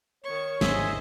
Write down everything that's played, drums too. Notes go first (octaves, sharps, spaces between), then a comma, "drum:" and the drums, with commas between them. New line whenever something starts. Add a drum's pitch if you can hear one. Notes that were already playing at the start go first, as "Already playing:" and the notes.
D#3 C#5 C#6
G#1 D#2 D3 G#4 C5 D#5 E5 G#5, drum: snare